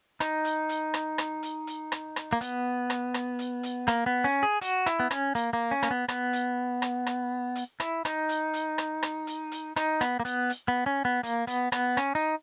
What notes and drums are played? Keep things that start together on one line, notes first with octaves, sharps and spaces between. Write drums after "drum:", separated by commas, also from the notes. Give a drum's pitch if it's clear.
D#4, drum: rim click
drum: hi-hat
drum: hi-hat
drum: rim click
drum: rim click
drum: hi-hat
drum: hi-hat
drum: rim click
drum: rim click
A#3
B3, drum: hi-hat
drum: rim click
drum: rim click
drum: hi-hat
drum: hi-hat
A#3, drum: rim click
B3
C#4
G#4
F#4, drum: hi-hat
E4, drum: rim click
B3
C#4, drum: rim click
A#3, drum: hi-hat
A#3
C#4
A#3, drum: rim click
B3
B3, drum: rim click
drum: hi-hat
drum: rim click
drum: rim click
drum: hi-hat
E4, drum: rim click
D#4, drum: rim click
drum: hi-hat
drum: hi-hat
drum: rim click
drum: rim click
drum: hi-hat
drum: hi-hat
D#4, drum: rim click
B3, drum: rim click
A#3
B3, drum: hi-hat
drum: hi-hat
B3
C#4
B3
A#3, drum: hi-hat
B3, drum: hi-hat
B3, drum: rim click
C#4, drum: rim click
D#4